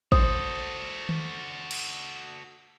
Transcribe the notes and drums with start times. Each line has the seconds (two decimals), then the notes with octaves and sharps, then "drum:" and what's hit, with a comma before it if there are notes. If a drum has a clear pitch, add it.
0.12 F#4 A4 C5 D#6, drum: kick
1.09 drum: tom D#3
1.71 drum: cymbal